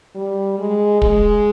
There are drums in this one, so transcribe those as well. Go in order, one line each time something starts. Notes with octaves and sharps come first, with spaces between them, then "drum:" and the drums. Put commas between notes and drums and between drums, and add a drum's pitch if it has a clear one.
G3
G#3
G#3, drum: kick